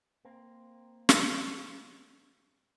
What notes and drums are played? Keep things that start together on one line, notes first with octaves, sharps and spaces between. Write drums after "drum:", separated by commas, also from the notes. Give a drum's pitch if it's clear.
A#3 C4
drum: snare